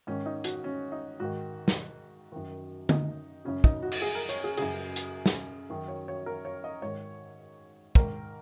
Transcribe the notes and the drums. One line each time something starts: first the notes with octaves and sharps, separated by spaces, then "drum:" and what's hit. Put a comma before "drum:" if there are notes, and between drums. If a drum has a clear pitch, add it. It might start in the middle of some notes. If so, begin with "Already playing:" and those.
G#2 D#3 C#4
D#4
F#4, drum: hi-hat
C#4
D#4
G#2 D#3 F#4
drum: snare
F#2 D#3
D#4, drum: tom D3
F#2 C#3 C#4
D#4, drum: kick
F#4
drum: cymbal
G#4
A#4
C#5, drum: hi-hat
G#4
F#2 C#3 G#4, drum: cymbal
drum: hi-hat
drum: snare
F#2 D#3
C#5
C#5
A#4
C#5
D#5
G#2 D#3 C#5
G#2 D#3 A#4, drum: kick